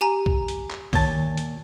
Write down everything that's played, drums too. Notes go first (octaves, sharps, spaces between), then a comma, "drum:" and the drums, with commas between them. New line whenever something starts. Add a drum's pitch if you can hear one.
G4 G#5 A#5
drum: kick B1
drum: hi-hat
drum: clap
D#2 A#2 D#3 C#5 A5, drum: kick B1, open hi-hat
drum: hi-hat